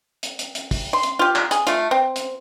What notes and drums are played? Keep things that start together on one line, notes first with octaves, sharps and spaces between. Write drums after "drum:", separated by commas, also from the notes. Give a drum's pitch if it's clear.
drum: hi-hat
drum: hi-hat
drum: hi-hat
drum: kick, open hi-hat
C6
drum: hi-hat
F4 G4
drum: clap
G#4, drum: hi-hat
A3 F4, drum: hi-hat
C4
drum: hi-hat